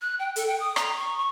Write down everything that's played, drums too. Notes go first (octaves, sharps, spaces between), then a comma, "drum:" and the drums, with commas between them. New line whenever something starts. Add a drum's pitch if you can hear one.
F#6
G5
A4, drum: hi-hat
G5
D#6
A#5, drum: rim click
C#6
C#6